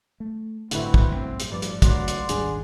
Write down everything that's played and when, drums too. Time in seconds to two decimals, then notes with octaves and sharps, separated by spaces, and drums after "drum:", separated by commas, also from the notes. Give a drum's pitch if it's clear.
0.20 A3
0.71 G1 A2 D3 C4 E4 F#4 B4, drum: hi-hat
0.94 drum: kick
1.11 B1 E2 G2 C4
1.40 drum: hi-hat
1.52 G2 F3 D5
1.62 drum: hi-hat
1.82 C#2 D3 F#3 G#3 A3 D5 F#5 C6, drum: kick, hi-hat
2.08 drum: hi-hat
2.29 D#1 G#1 G3 D4 G#4, drum: hi-hat